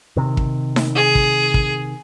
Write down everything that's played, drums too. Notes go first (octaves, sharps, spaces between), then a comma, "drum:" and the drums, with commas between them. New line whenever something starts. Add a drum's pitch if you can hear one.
C3 D#3
drum: kick
drum: snare D#4
G#4
drum: kick
drum: kick